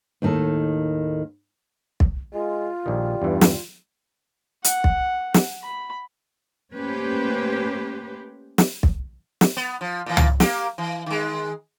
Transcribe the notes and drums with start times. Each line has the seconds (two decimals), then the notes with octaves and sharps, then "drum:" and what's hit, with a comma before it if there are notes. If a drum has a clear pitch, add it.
0.22 D#2 A2 D#3 D#4 A4
2.00 drum: kick
2.34 G#3 F4
2.86 A#1 D#3 G3
3.22 E2 G2 E3
3.41 drum: snare
4.64 F#5, drum: hi-hat
4.84 drum: kick
5.34 drum: snare
5.63 B5
6.74 A3 A#3 C#4 G4 B4 C5
8.58 drum: snare
8.83 drum: kick
9.41 drum: snare
9.57 B3
9.81 F3
10.06 A#2 E3
10.17 drum: tom
10.40 A#3 G4, drum: snare
10.78 E3
11.06 D#3 G#3